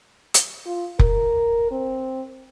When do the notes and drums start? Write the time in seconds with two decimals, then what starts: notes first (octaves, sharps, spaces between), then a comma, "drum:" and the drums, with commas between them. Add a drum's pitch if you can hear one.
0.34 drum: hi-hat
0.66 F4
0.99 A#4, drum: kick F1
1.71 C4